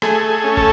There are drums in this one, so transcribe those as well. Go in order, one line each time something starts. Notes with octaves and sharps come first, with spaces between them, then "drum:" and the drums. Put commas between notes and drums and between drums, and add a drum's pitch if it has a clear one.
A3 G#4, drum: rim click
G#4
C#4
A4, drum: kick